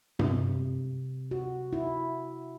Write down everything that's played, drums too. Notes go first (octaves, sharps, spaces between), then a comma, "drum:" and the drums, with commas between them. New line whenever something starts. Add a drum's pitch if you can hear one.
C3, drum: tom G2
F#4
E4